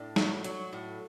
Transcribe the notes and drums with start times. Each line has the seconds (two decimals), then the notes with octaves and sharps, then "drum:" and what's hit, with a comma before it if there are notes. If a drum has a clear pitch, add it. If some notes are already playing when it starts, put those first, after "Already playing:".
Already playing: A2 D4
0.16 F#3, drum: snare
0.44 F#3, drum: hi-hat
0.73 A2